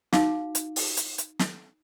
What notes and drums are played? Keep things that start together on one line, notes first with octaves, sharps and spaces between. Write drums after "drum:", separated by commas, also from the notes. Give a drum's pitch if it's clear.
D#4 F#4 F5 D6, drum: snare
drum: hi-hat
drum: open hi-hat
drum: hi-hat
drum: hi-hat
drum: snare